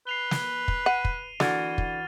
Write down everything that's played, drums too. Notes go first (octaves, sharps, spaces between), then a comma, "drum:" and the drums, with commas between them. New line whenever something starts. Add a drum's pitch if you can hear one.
B4 C7 F7 G7
drum: snare
drum: kick
F#5 D#7
drum: kick
D3 E3 F#4 F6 A6 F7, drum: snare
drum: kick